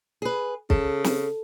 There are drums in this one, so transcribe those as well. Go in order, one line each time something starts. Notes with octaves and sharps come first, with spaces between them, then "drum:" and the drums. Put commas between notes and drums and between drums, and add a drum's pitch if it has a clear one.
G#4 B4
C#3 A4, drum: kick
drum: snare